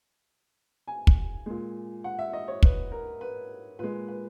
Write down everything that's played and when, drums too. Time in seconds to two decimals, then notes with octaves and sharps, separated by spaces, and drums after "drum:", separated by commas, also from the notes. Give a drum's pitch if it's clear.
0.88 G#5
1.07 drum: kick
1.46 A#2 G#3
2.04 F#5
2.19 E5
2.33 D#5
2.48 C#5
2.63 B4, drum: kick
2.92 A#4
3.21 B4
3.79 A#2 G#3 B4
4.08 B4